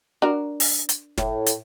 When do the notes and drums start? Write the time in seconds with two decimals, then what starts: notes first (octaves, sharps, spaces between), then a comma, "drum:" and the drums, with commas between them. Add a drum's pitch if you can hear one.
0.22 D4 F#4 A#4
0.60 drum: open hi-hat
0.89 drum: hi-hat
1.18 A2, drum: snare
1.46 drum: hi-hat